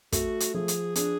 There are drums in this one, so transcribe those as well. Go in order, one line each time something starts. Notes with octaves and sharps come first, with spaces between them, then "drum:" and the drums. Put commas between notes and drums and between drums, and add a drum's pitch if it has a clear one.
A3 F#4, drum: kick, hi-hat
drum: hi-hat
F3 G#4
drum: hi-hat
D4 G#4, drum: hi-hat